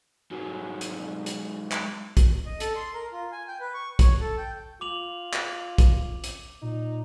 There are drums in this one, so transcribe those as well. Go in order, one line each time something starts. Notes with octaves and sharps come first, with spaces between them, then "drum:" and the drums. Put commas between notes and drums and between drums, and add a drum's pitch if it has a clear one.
G#2 F#3
drum: hi-hat
drum: hi-hat
drum: clap
drum: kick, hi-hat
D#5
A4, drum: hi-hat
C6
A#4
F4
G#5
G5
B4
C#6
C#5, drum: kick, hi-hat
A4
G5
F4 D6 F7 F#7
drum: clap
drum: kick, hi-hat
drum: hi-hat
A#2 D#4